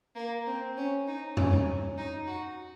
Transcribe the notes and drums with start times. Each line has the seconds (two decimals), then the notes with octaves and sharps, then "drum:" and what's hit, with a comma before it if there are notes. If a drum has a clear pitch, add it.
0.16 A#3
0.47 C4
0.77 C#4
1.07 D#4
1.37 C#4, drum: tom E2
1.98 D#4
2.27 F#4